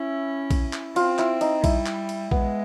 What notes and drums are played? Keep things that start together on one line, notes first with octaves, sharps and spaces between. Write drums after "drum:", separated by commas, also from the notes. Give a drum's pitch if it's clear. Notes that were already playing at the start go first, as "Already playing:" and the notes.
Already playing: C#4 E4
drum: kick A#1, cymbal
drum: clap
C4 F4, drum: cymbal
E4, drum: clap
D#4, drum: cymbal
G3 E4, drum: kick A#1, cymbal
drum: clap
drum: cymbal
G#3 B3, drum: kick A#1